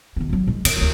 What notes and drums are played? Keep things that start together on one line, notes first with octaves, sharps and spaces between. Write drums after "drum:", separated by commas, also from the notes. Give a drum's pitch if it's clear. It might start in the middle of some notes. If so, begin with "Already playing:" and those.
D#2 B3
G#1 F#3
G#2
D#3, drum: cymbal
F1 D2